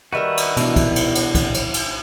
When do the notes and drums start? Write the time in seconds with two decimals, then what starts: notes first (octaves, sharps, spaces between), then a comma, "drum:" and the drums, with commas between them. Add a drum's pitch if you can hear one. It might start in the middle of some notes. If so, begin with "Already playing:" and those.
0.13 D#3 G3 F#4 A#4 B4 E5
0.37 drum: cymbal
0.57 B2 E3 D4 E4, drum: cymbal
0.76 drum: kick C2, cymbal
0.96 drum: cymbal
1.15 drum: cymbal
1.35 drum: kick C2, cymbal
1.54 drum: cymbal
1.74 drum: cymbal